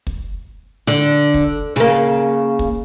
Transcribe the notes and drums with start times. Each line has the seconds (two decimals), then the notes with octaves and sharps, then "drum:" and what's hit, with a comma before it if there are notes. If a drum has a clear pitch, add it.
0.07 drum: kick
0.87 D3, drum: snare
1.34 drum: kick
1.76 C#3 A#3, drum: snare
2.59 drum: kick